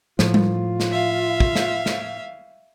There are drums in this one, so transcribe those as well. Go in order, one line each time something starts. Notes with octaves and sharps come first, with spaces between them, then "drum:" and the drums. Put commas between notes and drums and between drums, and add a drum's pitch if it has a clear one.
A2 F3 F4, drum: snare
drum: tom G3
drum: snare
E5 F5
drum: kick
drum: snare
drum: snare